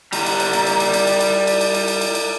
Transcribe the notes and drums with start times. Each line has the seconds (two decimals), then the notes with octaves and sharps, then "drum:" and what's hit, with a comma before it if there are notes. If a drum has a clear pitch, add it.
0.13 G3 A#5, drum: cymbal
0.26 drum: cymbal
0.39 drum: cymbal
0.53 drum: cymbal
0.66 drum: cymbal
0.80 drum: cymbal
0.93 drum: cymbal
1.07 drum: cymbal
1.20 drum: cymbal
1.47 drum: cymbal
1.61 drum: cymbal
1.74 drum: cymbal
1.88 drum: cymbal
2.01 drum: cymbal
2.15 drum: cymbal